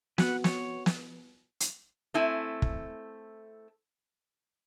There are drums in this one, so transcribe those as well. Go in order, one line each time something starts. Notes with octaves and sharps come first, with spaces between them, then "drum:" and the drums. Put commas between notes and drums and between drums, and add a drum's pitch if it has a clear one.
B3 C4 F#4 B4 F#5, drum: snare
C#5, drum: snare
drum: snare
drum: hi-hat
A3 C4 E4 G#5
drum: kick